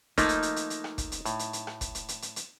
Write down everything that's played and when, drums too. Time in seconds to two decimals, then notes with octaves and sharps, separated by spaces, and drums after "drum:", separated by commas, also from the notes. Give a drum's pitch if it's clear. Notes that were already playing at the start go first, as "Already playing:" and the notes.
0.18 F3 A3 A#3 D#4, drum: kick, hi-hat
0.29 drum: hi-hat
0.43 drum: hi-hat
0.56 drum: hi-hat
0.70 drum: hi-hat
0.84 drum: rim click
0.98 drum: kick, hi-hat
1.12 drum: hi-hat
1.26 A2, drum: hi-hat
1.39 drum: hi-hat
1.53 drum: hi-hat
1.67 drum: rim click
1.81 drum: kick, hi-hat
1.95 drum: hi-hat
2.09 drum: hi-hat
2.22 drum: hi-hat
2.36 drum: hi-hat